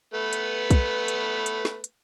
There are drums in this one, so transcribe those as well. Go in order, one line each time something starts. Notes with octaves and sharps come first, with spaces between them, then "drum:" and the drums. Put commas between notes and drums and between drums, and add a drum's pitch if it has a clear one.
A3 B3 B4
drum: hi-hat
drum: kick, hi-hat
drum: hi-hat
drum: hi-hat
drum: snare
drum: hi-hat